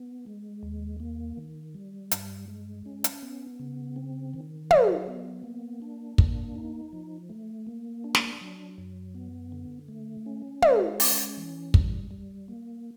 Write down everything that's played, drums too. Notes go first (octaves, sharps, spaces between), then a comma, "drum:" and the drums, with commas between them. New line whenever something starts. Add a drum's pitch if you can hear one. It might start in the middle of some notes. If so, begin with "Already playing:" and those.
Already playing: B3
G#3
D#2
A#3
D#3
G3
G2, drum: hi-hat
G#3
C#4
drum: hi-hat
B3
C#3
C4
D#3
F#3, drum: tom
B3
A#3
D4
A#3, drum: kick
D#4
F3
A3
A#3
D4
drum: snare
F#3
F#2
B3
D3
A3
C#4
G#3, drum: tom
C#4, drum: open hi-hat
E3
G3, drum: kick
G3
A#3